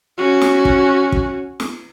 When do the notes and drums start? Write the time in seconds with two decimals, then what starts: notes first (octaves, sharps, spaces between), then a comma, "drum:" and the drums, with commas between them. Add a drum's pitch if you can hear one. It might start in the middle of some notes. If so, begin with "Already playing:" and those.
0.18 C#4 F#4
0.41 drum: snare
0.65 drum: kick
1.12 drum: kick
1.60 drum: snare